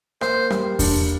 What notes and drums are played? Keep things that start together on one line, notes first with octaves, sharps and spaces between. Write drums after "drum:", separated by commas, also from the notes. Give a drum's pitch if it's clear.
A#3 C5, drum: rim click
G3, drum: rim click
D4, drum: kick E2, open hi-hat